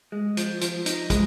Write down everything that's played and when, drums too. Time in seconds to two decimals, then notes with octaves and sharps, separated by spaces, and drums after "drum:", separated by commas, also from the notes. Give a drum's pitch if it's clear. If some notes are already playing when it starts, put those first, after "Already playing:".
0.12 G#3
0.37 F3, drum: hi-hat
0.61 F3, drum: hi-hat
0.86 D#4, drum: hi-hat
1.10 G#3, drum: kick, hi-hat